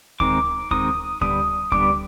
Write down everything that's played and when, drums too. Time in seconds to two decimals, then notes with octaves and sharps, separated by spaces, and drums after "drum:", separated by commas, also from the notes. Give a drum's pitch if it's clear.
0.20 D#3 G#3 C4 D#4 D6, drum: kick D2
0.71 D#3 G#3 C4 D#4 D#6, drum: kick D2
1.21 D3 G3 B3 D4 D#6, drum: kick D2
1.72 D3 G3 B3 D4 D6, drum: kick D2